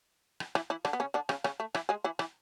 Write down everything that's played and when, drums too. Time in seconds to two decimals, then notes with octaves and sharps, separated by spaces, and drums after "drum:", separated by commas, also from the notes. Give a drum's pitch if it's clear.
0.40 drum: rim click
0.55 E3 E4, drum: rim click
0.70 E3 E4
0.85 D3 D4, drum: rim click
0.93 B3
1.00 C#3 C#4
1.14 D3 D4
1.29 C#3 C#4, drum: rim click
1.44 C#3 C#4, drum: rim click
1.60 A3
1.75 E3 E4, drum: rim click
1.89 G#3 G#4
2.04 E3 E4
2.19 E3 E4, drum: rim click